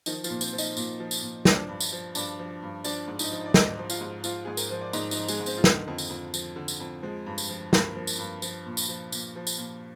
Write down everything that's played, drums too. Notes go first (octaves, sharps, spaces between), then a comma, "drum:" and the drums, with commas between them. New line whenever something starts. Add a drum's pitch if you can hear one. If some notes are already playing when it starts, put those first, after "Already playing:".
D#3 F3 D#4, drum: tambourine
F3 F4, drum: tambourine
A#2
C4 C5, drum: tambourine
F3
D#4 D#5, drum: tambourine
A#2, drum: tambourine
F3
drum: tambourine
A#2
F3 D4 D5, drum: snare
G2
drum: tambourine
F3
G2 D4 D5, drum: tambourine
F3
G2
F3 D4 D5, drum: tambourine
G#2
D#4 D#5, drum: tambourine
F3
D5
G#2 D#4 D#5, drum: snare
F3
F4 F5, drum: tambourine
G#2
F3 F4 F5, drum: tambourine
G#2 G#4
A#4, drum: tambourine
F3 C5
D5
G#2 D#4 D#5, drum: tambourine
D#4 D#5, drum: tambourine
F3
G#3 G#4, drum: tambourine
G#2
C4 C5, drum: tambourine
F4
D3 D#3 D#4, drum: snare
F2
drum: tambourine
F2
F3, drum: tambourine
D3
drum: tambourine
F2
F3 G#3
G2
drum: tambourine
F3
G2 A#3, drum: snare
F3
drum: tambourine
G2
F3, drum: tambourine
A#2
drum: tambourine
F3
A#2, drum: tambourine
F3
drum: tambourine
A#2